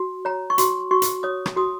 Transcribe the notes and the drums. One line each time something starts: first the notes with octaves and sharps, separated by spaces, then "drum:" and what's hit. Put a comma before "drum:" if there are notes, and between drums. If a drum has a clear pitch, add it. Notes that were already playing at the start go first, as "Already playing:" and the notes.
Already playing: F#4
C#5 A#5
C#6
F#4 C6, drum: hi-hat
F#4 C#6
drum: hi-hat
C#5 D#6
drum: rim click
F#4 D#6